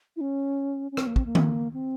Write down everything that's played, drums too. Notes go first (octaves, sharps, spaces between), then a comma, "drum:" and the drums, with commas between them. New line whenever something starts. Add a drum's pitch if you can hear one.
E4
C#4
C#4
C4, drum: rim click
A#3
C4, drum: kick
A#3
drum: tom D#3
C4